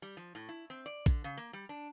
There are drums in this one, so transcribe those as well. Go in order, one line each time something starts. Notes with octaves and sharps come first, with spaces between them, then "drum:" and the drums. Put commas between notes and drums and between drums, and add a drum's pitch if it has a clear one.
G3
F3
A2
E4
C4
D5
D3, drum: kick A#1, hi-hat
C#3
A#3
G3
D4